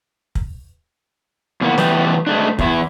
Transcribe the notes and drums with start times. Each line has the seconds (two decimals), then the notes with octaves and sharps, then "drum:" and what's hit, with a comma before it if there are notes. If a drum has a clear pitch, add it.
0.35 drum: kick
1.61 E2 A#3 B3
1.78 E3 G3 A3 B3 G4, drum: snare
2.27 G#3 A3 D4
2.59 E2 E4, drum: kick